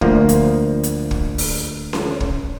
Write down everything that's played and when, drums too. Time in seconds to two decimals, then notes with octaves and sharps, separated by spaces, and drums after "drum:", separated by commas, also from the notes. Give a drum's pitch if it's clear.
0.01 D2 F3 A#3, drum: kick
0.29 drum: hi-hat
0.83 drum: hi-hat
1.11 drum: kick
1.38 drum: open hi-hat
1.93 drum: snare C#4
2.20 drum: kick